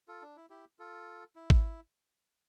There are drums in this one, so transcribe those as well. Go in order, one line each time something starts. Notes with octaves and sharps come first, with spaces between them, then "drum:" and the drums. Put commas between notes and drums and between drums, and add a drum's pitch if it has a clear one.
F4 A4
D4
E4
E4 G4
F4 A4
E4
drum: kick G#1